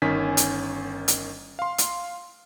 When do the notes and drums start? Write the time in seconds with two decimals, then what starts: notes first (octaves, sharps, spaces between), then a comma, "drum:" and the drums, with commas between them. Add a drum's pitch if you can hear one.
0.02 G1 D#3 C#4 G#5 B6
0.37 drum: hi-hat
1.08 drum: hi-hat
1.59 F5 C6
1.78 drum: hi-hat